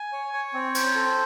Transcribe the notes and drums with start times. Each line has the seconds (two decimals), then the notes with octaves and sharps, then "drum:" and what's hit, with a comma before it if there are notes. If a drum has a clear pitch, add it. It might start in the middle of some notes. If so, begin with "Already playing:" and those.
Already playing: G#5
0.13 C#5
0.33 C#5
0.54 C4
0.75 C5, drum: cymbal
0.95 A4